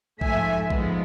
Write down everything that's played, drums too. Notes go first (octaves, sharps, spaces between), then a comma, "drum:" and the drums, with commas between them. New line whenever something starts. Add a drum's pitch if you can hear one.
G#2 F3 A3 E5 G#5, drum: kick A#1
G#2 F3 G#3 B3, drum: kick A#1